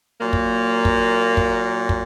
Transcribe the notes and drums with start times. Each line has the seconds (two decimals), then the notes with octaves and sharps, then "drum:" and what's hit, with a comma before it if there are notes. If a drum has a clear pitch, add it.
0.19 A#2 F#3 A#3
0.33 drum: kick
0.85 drum: kick
1.37 drum: kick
1.89 drum: kick